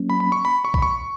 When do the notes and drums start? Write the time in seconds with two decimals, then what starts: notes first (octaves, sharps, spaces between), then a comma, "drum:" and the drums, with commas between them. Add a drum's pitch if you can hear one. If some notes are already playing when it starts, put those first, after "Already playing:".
Already playing: F#3 A#3 C#4
0.10 B5
0.20 B5
0.32 C#6
0.45 B5
0.65 C#6
0.74 B5, drum: kick A#1
0.82 C#6